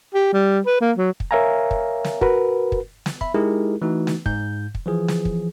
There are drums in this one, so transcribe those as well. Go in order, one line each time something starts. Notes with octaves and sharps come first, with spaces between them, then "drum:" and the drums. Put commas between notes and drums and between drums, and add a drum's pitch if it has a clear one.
G4
G3
B4
A#3
F#3
drum: kick
A#4 C#5 E5 F5 G#5 A#5
drum: kick
drum: snare
F#4 A#4 B4, drum: kick
drum: kick
drum: snare
E5 B5, drum: kick
G#3 D#4 E4 G4 G#4 A#4
E3 A3 D#4 F#4
drum: snare
G#2 G6, drum: kick
drum: kick
E3 F3 G#4
drum: snare
drum: kick